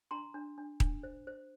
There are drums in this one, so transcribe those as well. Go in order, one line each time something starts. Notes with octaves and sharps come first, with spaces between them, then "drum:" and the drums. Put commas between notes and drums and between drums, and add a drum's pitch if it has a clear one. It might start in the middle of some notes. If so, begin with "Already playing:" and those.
D4 A#5 C6
D4
D4
D4, drum: kick D#1
C5
C5